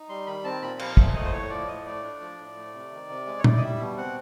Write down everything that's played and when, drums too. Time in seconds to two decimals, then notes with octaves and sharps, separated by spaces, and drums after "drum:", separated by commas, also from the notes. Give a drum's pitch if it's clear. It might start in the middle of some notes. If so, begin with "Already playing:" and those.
Already playing: D#4
0.09 G3 C6
0.27 D#3 B5
0.44 C4 A5
0.62 A#2 B5
0.79 F3 F5, drum: cymbal
0.97 A#2 E5, drum: kick
1.14 A3 D#5
1.25 C5
1.32 A2 C#5
1.50 F3 D5
1.68 A2 D#5
1.86 A3 D5
2.03 D4
2.21 F3
2.38 A2
2.57 A3
2.74 C3
2.92 D#3
3.09 C3
3.26 G#3
3.39 C#5
3.44 E4 D5, drum: tom A#2
3.57 D#5
3.62 G3 E5
3.80 B2
3.97 C4 F#5